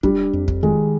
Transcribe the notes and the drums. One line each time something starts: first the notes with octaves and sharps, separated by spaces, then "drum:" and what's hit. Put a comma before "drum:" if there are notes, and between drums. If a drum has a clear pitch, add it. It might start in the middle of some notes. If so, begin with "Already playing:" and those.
G3 D4, drum: kick
F2
drum: kick
D#3 G#3